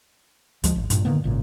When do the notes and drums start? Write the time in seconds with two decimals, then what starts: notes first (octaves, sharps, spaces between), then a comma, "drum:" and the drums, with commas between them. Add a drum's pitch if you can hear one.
0.64 D2 F3 G#3, drum: hi-hat
0.76 G#1
0.90 G2 A#2, drum: hi-hat
1.05 D3 D#3 A#3 B3
1.24 G#1 A#2 C#3